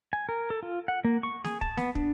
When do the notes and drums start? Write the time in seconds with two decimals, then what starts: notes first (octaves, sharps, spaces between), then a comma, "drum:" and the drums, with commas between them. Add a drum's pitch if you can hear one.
0.13 G#5
0.29 A#4
0.50 A4
0.63 F4
0.88 F#5
1.05 A#3
1.23 C#6
1.45 G#4, drum: snare
1.61 A5, drum: kick
1.77 B3, drum: snare
1.95 D4, drum: kick